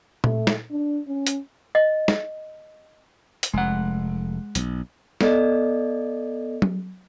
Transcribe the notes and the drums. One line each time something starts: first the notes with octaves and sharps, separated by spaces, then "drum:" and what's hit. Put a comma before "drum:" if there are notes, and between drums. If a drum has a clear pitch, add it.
A3, drum: tom A#2
drum: snare
D4
C#4
drum: hi-hat
D#5
drum: snare
drum: hi-hat
F1 G#3 F#5
B1, drum: hi-hat
B3 A4 D5 D#5, drum: snare
drum: tom F#3